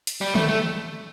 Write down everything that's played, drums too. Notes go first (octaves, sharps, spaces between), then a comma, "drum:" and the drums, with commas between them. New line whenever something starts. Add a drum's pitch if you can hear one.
drum: hi-hat
G3
A3, drum: tom D3
A3